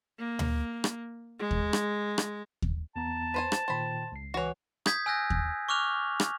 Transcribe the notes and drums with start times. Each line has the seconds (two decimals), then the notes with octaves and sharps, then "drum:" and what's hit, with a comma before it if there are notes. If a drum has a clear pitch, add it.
0.19 A#3
0.39 drum: tom D2
0.84 drum: rim click
1.39 G#3
1.51 drum: kick D#2
1.73 drum: rim click
2.18 drum: rim click
2.62 drum: kick D#2
2.96 E2 B3 A5 A#5
3.34 B4 C5 G#5
3.52 drum: rim click
3.68 A#2 D#3 C5 G5 B5
4.12 C#2 C7
4.34 E3 F#4 C#5
4.86 D#6 G6 G#6 B6, drum: rim click
5.06 G#5 E6 F#6 G6 A#6
5.30 drum: kick D#2
5.69 C#6 D6 F6 F#6 F7
6.20 drum: rim click